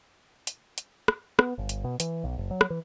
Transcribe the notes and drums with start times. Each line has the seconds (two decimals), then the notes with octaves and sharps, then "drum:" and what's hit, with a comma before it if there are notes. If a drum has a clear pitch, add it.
0.47 drum: hi-hat
0.78 drum: hi-hat
1.08 drum: rim click
1.39 B3, drum: rim click
1.58 G1
1.69 drum: hi-hat
1.84 B2
2.00 E3, drum: hi-hat
2.24 B1
2.38 F#1
2.51 F#3
2.61 drum: rim click
2.70 E3